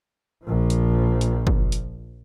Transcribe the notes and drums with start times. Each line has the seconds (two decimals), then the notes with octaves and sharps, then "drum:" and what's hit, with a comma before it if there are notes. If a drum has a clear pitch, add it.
0.45 A#1 F3
0.70 drum: hi-hat
1.21 drum: hi-hat
1.47 drum: kick
1.72 drum: hi-hat